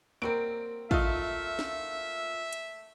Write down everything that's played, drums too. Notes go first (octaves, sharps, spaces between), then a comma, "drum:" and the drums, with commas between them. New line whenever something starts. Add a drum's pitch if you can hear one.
F#3 G3 A#3 C4 A#4 D7
A3 F4 D#5 E5, drum: kick
drum: snare
drum: hi-hat